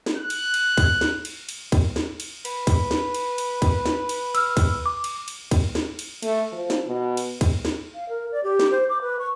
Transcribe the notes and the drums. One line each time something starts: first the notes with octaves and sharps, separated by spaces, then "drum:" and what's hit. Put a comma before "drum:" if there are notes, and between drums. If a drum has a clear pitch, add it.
drum: snare
F#6
drum: cymbal
drum: cymbal
drum: kick, cymbal
drum: snare
drum: cymbal
drum: cymbal
drum: kick, cymbal
drum: snare
drum: cymbal
B4, drum: cymbal
drum: kick, cymbal
drum: snare
drum: cymbal
drum: cymbal
drum: kick, cymbal
drum: snare
drum: cymbal
E6 F6, drum: cymbal
drum: kick, cymbal
D6
drum: cymbal
drum: cymbal
drum: kick, cymbal
drum: snare
drum: cymbal
A3, drum: cymbal
F3
drum: snare
B2
drum: cymbal
drum: kick, cymbal
drum: snare
F5
A#4
D5
G4
drum: snare
C5
D6
B4
C#6